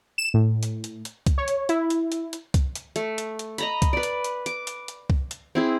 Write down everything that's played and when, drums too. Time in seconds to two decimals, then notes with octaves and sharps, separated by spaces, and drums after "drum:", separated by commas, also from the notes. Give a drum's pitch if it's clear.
0.18 E7
0.34 A2
0.63 drum: hi-hat
0.84 drum: hi-hat
1.05 drum: hi-hat
1.26 drum: kick C2, hi-hat
1.38 C#5
1.48 drum: hi-hat
1.69 E4, drum: hi-hat
1.90 drum: hi-hat
2.12 drum: hi-hat
2.33 drum: hi-hat
2.54 drum: kick C2, hi-hat
2.75 drum: hi-hat
2.96 A3, drum: hi-hat
3.18 drum: hi-hat
3.39 drum: hi-hat
3.58 D#5 A#5 B5, drum: hi-hat
3.82 drum: kick C2, hi-hat
3.93 B4 D5
4.03 drum: hi-hat
4.24 drum: hi-hat
4.46 D6, drum: hi-hat
4.67 drum: hi-hat
4.88 drum: hi-hat
5.10 drum: kick C2
5.31 drum: hi-hat
5.55 C4 E4 G#4